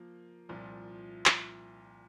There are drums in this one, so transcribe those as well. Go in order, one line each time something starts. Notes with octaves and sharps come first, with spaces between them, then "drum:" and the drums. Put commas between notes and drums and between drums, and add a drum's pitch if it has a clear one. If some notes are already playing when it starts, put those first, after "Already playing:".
Already playing: F3 A#3
C2 A#2 F3
drum: clap